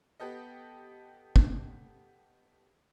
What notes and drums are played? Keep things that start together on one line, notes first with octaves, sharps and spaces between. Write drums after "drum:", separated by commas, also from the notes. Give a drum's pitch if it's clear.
B3 G4 A4 D#5
drum: kick